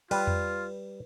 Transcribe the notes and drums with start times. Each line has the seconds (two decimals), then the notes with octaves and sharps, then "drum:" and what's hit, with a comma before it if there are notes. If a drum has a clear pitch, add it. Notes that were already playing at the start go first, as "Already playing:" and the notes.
0.11 G3 F4 B4, drum: cymbal
0.27 drum: tom F2